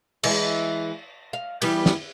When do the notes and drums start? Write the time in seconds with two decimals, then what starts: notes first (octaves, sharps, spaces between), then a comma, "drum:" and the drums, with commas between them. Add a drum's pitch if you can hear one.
0.23 E3 G#3, drum: cymbal
1.33 F5
1.62 E3 G3 B3, drum: cymbal
1.86 drum: snare